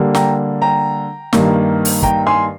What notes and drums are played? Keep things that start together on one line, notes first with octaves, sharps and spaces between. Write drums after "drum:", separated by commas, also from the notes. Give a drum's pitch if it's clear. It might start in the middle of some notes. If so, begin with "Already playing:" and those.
Already playing: D3 G3 A#3
G5 A#5, drum: snare
G5 A#5
G2 D#3 A#3, drum: snare
drum: open hi-hat
G5 A#5, drum: kick
G#5 C6